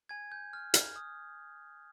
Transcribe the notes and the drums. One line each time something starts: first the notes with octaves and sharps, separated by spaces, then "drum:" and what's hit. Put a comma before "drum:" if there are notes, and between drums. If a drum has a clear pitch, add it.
G#5 G#6
G6
F6
F6, drum: hi-hat
D#6